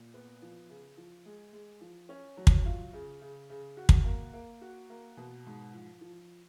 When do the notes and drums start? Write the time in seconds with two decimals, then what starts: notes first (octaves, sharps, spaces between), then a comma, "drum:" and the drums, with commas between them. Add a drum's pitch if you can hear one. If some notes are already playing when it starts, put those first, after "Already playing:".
Already playing: A#2
0.14 B3
0.42 F3
0.69 C#3
0.97 F3
1.26 G#3
1.53 G#3
1.81 F3
2.09 C#4
2.37 F#3
2.47 drum: kick
2.66 F4
2.93 C#3
3.22 C#3
3.50 C#3
3.77 F#4
3.89 drum: kick
4.05 A#3
4.33 A#3
4.61 F#4
4.90 A#3
5.17 B2
5.46 G#2
5.74 F3
6.01 F3